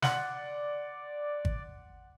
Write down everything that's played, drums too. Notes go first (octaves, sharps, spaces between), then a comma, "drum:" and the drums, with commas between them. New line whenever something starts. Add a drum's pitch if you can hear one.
D5 F#5 C6 F#7, drum: snare
drum: kick G#1